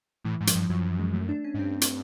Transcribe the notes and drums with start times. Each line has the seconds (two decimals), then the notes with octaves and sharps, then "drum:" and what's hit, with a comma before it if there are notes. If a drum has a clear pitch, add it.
0.24 A2 E3
0.40 G#2
0.47 F3, drum: hi-hat
0.55 G2
0.69 F#2 F#3
0.85 F#3
0.99 G#3
1.14 A3
1.29 D4
1.44 C#4
1.54 G#2
1.59 G2 C4
1.81 drum: hi-hat